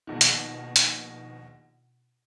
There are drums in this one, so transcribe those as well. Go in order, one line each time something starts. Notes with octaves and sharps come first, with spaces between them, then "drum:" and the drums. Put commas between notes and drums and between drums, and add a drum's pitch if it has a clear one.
A#1 B2 D#3
drum: hi-hat
drum: hi-hat